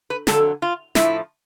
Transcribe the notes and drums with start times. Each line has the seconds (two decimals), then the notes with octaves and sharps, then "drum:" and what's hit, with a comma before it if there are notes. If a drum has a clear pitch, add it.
0.10 B4
0.27 F2 D3 F#3 A4, drum: snare
0.62 F4
0.95 A2 F3 A3 E4, drum: snare